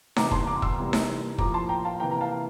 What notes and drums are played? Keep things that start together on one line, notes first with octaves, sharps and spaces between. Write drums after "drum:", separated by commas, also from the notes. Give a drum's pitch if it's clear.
E2 C3 G3 A#5 D6, drum: snare D#4
A5 C6, drum: kick
A#5 D6
C6 E6, drum: kick
C3 E3 G3 A#3
drum: snare D#4
A2 F3 A#3 A#5 D6, drum: kick
A5 C6
G5 A#5
F5 A5
C3 E3 A#3 G5 A#5
A#5
F5 A5